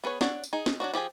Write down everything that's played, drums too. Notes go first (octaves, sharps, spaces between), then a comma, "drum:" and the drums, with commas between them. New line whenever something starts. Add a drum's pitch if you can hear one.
B3 G#4 B4 C#5
D4 C#5 F#5, drum: snare
drum: tambourine
D#4 G#4
drum: snare
F#3 A3 D4 F#4
F3 G4 G#4 G#5